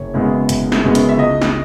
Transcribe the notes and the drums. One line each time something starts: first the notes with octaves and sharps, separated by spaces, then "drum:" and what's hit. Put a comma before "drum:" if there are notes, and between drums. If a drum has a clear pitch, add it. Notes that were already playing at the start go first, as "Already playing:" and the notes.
Already playing: F#1 C#5
F#2 C#3 G#3 B3
F#1, drum: hi-hat
drum: snare
F#2 C#3 G#3 B3
drum: hi-hat
E5
C#2 D#5
drum: snare